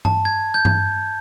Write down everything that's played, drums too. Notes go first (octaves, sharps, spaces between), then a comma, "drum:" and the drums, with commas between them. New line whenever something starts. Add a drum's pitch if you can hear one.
A5, drum: tom G2
G#6
G6
drum: tom G2